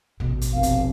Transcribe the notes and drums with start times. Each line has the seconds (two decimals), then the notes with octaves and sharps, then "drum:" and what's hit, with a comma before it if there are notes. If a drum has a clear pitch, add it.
0.20 A1 B2, drum: kick
0.41 drum: hi-hat
0.54 F1 F5
0.63 drum: hi-hat